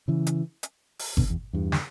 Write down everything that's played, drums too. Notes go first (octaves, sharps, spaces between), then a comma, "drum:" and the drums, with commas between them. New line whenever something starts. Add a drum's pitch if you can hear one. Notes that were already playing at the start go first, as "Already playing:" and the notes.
C#3 E3
drum: hi-hat
drum: hi-hat
drum: open hi-hat
B2 D3, drum: kick G1
E2
E2 G2
drum: snare